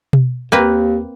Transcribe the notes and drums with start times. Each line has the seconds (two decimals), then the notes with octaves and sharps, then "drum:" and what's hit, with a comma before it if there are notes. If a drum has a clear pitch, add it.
0.13 drum: tom B2
0.52 D#2 A#3 C4 B4